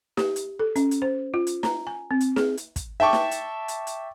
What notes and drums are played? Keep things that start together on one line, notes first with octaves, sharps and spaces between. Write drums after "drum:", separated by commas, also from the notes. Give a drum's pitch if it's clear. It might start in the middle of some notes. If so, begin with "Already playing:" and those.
G4, drum: snare
drum: hi-hat
A4
C#4, drum: hi-hat
drum: hi-hat
C5
F4
drum: hi-hat
A#5, drum: snare
G#5
C4
drum: hi-hat
G#4, drum: snare
drum: hi-hat
drum: kick, hi-hat
E5 G5 A5 C#6 D6
drum: snare
drum: hi-hat
drum: hi-hat
drum: hi-hat